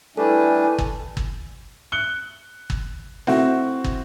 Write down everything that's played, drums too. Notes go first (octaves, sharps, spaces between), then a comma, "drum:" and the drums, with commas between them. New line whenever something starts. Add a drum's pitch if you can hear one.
G3 A3 D4 E4 A4 B4 G#5
drum: kick
drum: kick
F#6 C#7 G7
drum: kick
A3 C4 E4 F#4, drum: snare
drum: kick